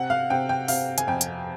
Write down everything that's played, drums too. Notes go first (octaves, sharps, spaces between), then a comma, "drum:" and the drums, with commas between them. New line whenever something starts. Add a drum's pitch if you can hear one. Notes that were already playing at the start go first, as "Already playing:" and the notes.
Already playing: C3 F#5
F5
C3 G5
G5
C3 F5, drum: open hi-hat
G#5, drum: hi-hat
F2 G5
drum: hi-hat